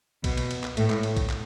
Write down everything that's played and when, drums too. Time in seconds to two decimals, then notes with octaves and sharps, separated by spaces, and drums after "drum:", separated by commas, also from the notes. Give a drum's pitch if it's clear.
0.24 B2, drum: kick A#1, cymbal
0.37 drum: cymbal
0.51 drum: cymbal
0.64 drum: clap
0.77 A2, drum: cymbal
0.90 drum: clap
1.03 drum: cymbal
1.17 drum: kick A#1, cymbal
1.30 drum: clap